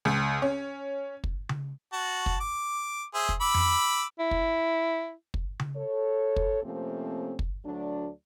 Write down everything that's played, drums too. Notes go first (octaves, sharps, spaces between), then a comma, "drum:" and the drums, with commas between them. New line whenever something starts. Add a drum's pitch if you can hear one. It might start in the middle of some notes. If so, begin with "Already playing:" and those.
C#2
C#4
drum: kick
drum: tom C#3
F#4 A5
drum: kick
D6
G#4 C5 E5
drum: kick
B5 D6 E6
drum: tom F2
E4
drum: kick
drum: kick
drum: tom C#3
A4 C#5
drum: kick
C3 F3 A3 A#3 C4 C#4
drum: kick
D2 F#3 A3 D4